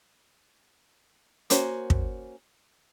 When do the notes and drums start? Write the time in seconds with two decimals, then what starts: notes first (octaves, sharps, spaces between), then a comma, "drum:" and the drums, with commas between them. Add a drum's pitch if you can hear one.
1.50 A#3 C#4 F#4 C5, drum: hi-hat
1.90 drum: kick